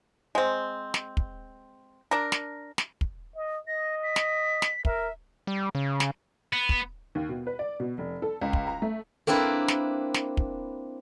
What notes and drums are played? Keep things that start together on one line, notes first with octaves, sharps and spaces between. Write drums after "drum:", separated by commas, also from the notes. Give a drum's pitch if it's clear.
G#3 C4
drum: snare
drum: kick
D4 A#4
drum: snare
drum: snare
drum: kick
D#5
D#5 A#6
B6
drum: snare
drum: snare
A#4 E5, drum: kick
G3
C#3
drum: snare
B3
drum: kick
D#2
B2
B4
D5
B2
F1
A4
C#2
drum: kick
A#5
A3
A#3 C4 D4 E4 B4
drum: snare
drum: snare
drum: kick